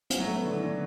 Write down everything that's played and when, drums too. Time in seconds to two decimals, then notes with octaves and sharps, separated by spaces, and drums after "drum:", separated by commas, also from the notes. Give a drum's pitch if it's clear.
0.10 E3, drum: hi-hat
0.19 F#3
0.27 A3
0.36 B3
0.45 D3
0.53 E3
0.62 D3